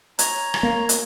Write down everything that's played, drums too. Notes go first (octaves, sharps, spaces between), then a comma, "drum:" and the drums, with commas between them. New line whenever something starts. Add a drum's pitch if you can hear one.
C#5 A#5, drum: hi-hat
drum: rim click
A#3
drum: hi-hat